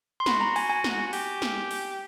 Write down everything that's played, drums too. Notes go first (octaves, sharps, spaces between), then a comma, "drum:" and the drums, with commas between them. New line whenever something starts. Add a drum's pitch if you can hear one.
C6
F#4 B5, drum: snare
A#5
G#5, drum: open hi-hat
G#5
drum: snare
F#4
G4, drum: open hi-hat
drum: snare
drum: open hi-hat